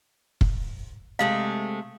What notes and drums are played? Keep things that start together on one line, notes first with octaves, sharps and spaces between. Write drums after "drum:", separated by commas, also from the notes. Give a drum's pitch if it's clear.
drum: kick
C3 G#3 A3 F5